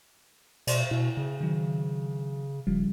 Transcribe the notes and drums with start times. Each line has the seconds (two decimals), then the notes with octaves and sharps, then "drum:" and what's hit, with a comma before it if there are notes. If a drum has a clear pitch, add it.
0.67 B2 D5 C6 C#6, drum: cymbal
0.91 B2 E4
1.17 C#3
1.41 D#3 F#3
2.67 F1 C#3 F3 G3